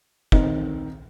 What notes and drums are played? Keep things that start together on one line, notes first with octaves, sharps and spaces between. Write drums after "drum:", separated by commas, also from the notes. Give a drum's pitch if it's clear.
D#3 C4 D#4, drum: kick